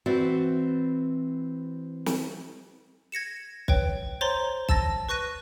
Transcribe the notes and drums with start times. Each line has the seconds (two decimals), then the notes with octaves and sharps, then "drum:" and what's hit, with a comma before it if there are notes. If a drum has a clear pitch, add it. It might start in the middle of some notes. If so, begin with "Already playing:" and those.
0.06 E3 C4 F#4 D5
2.06 drum: snare
3.12 G#6 A#6 C#7 E7
3.68 B4 C#5 G5, drum: kick
4.21 C5 C#5 A#5 C6 A6
4.69 A5 E6 A6 A#6, drum: kick
5.09 B4 C#6 F#6 A#6 D#7